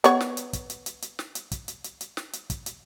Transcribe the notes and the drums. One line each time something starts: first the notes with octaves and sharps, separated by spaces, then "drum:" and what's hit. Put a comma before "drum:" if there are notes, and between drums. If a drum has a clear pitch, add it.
B3 C#5, drum: hi-hat
drum: snare
drum: hi-hat
drum: kick, hi-hat
drum: hi-hat
drum: hi-hat
drum: hi-hat
drum: snare
drum: hi-hat
drum: kick, hi-hat
drum: hi-hat
drum: hi-hat
drum: hi-hat
drum: snare
drum: hi-hat
drum: kick, hi-hat
drum: hi-hat